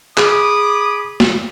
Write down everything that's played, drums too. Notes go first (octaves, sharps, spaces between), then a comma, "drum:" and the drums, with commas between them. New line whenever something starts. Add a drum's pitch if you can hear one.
G#4 B5 D6 D#6, drum: clap
drum: snare